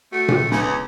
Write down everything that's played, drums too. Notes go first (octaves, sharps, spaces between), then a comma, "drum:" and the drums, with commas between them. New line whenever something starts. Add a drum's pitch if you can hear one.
A3 F#4
drum: tom A#2
C#2 B3, drum: snare